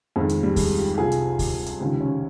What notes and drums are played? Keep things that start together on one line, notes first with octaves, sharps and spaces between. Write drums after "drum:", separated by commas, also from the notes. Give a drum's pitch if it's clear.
F2 D#3 G#3
drum: hi-hat
G3
G#3, drum: kick D2, open hi-hat
G4
G4
C2 C3 F3 G#4
drum: hi-hat
drum: kick D2, open hi-hat
drum: hi-hat
C#2 C3 D#3
C#4